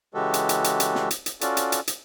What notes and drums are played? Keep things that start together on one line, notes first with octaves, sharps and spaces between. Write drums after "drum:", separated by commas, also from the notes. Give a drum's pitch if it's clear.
C#3 E3 G#3 F#4 G4 A4
drum: hi-hat
drum: hi-hat
drum: hi-hat
drum: hi-hat
drum: snare
drum: hi-hat
drum: hi-hat
C#4 F4 F#4 A4 D5, drum: hi-hat
drum: hi-hat
drum: hi-hat
drum: hi-hat